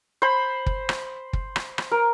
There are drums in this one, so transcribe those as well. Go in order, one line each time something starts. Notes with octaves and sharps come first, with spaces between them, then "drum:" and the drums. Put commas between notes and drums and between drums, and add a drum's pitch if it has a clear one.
C5 B5
drum: kick
drum: rim click
drum: kick
drum: rim click
drum: rim click
A#4